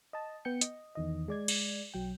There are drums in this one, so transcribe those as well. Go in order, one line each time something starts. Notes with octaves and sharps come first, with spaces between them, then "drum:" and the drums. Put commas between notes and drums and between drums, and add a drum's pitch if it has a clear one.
D#5 A5
B3 G5 G6 C#7
D#5, drum: hi-hat
E2 D#3 D#5
G#3 D5 G#6
drum: cymbal
B1 F#3 G5